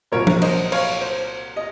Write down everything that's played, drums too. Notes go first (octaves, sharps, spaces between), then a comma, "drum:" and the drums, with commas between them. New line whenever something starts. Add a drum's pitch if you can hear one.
C2 A#2 F#3 A#4 C#5
drum: tom F3
C5 D#5, drum: cymbal
C#5 F5, drum: cymbal
C5
D#5